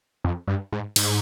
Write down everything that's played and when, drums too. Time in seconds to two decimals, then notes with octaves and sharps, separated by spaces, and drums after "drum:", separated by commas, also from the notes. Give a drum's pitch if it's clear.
0.24 F2
0.48 G2
0.73 G#2
0.96 G#2, drum: cymbal